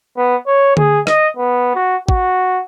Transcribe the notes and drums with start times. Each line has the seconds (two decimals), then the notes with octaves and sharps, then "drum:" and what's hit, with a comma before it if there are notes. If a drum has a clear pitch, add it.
0.17 B3
0.47 C#5
0.77 G#4, drum: tom D3
1.07 D#5, drum: rim click
1.37 B3
1.75 F#4
2.09 F#4, drum: kick